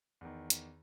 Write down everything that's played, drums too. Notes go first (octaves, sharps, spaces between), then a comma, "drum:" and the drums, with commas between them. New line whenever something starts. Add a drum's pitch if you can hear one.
E2 D#3
drum: hi-hat